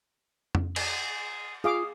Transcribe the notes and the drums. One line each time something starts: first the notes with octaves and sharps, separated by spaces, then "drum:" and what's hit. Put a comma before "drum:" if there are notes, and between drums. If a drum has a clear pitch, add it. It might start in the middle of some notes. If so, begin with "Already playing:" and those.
drum: tom F2
G#4, drum: cymbal
F4 G#4 F5 D6 D#6